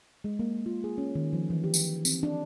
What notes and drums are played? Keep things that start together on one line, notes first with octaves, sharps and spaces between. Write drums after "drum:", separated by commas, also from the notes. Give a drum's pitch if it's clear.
G#3
A#3
F4
G#4
C#4
D#3
F3
E3
G4
drum: tambourine
C4, drum: tambourine
D4